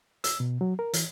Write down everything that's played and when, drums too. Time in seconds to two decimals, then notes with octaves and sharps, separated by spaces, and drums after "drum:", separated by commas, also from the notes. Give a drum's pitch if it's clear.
0.24 E6, drum: hi-hat
0.40 B2
0.61 F#3
0.79 A#4
0.93 E3, drum: hi-hat